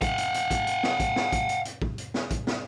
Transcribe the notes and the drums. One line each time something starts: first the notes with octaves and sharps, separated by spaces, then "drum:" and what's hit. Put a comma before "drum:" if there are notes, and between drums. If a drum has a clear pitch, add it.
F5 F#5, drum: kick, hi-hat
drum: hi-hat
drum: hi-hat
drum: kick, hi-hat
drum: hi-hat
drum: snare
drum: kick, hi-hat
drum: snare
drum: kick, hi-hat
drum: hi-hat
drum: hi-hat
drum: kick
drum: hi-hat
drum: snare
drum: kick, hi-hat
drum: snare